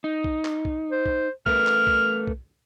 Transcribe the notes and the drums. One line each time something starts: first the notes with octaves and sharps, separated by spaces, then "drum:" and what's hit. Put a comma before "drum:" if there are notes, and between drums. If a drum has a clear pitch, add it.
D#4
drum: kick B1
drum: clap
drum: kick B1
C5
drum: kick B1
A3 A#4 B4 F6, drum: kick B1
drum: clap
drum: kick B1
drum: kick B1